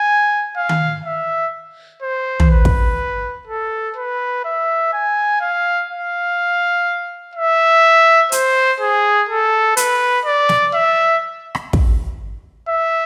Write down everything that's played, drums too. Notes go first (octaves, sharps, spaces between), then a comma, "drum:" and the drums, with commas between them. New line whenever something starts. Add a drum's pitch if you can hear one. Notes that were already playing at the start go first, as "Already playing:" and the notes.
Already playing: G#5
F5
drum: tom D#3
E5
C5
drum: tom
B4
drum: kick
A4
B4
E5
G#5
F5
F5
E5
C5, drum: hi-hat
G#4
A4
B4, drum: hi-hat
D5
drum: snare
E5
drum: rim click
drum: kick
E5